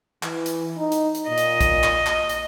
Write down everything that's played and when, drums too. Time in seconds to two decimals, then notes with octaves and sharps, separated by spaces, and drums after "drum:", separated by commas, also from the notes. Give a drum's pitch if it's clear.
0.23 E3, drum: clap
0.46 drum: hi-hat
0.78 D#4
0.92 drum: hi-hat
1.15 drum: hi-hat
1.28 A#2 D#5
1.38 drum: hi-hat
1.61 drum: kick, hi-hat
1.84 drum: clap
2.06 drum: clap
2.29 drum: hi-hat